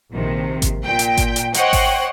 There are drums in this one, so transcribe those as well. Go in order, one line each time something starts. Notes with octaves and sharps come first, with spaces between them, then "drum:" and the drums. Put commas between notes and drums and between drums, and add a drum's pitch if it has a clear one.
A#1 C3 D#3
drum: kick G#1, hi-hat
A#2 G5
drum: hi-hat
drum: kick G#1, hi-hat
drum: hi-hat
C5 C#5 D#5 F#5 G5, drum: hi-hat
drum: kick G#1, open hi-hat